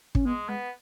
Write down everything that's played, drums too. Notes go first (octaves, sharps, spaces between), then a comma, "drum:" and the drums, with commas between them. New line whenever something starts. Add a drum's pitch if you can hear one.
C#4, drum: kick
G#3 B3
G#3 B3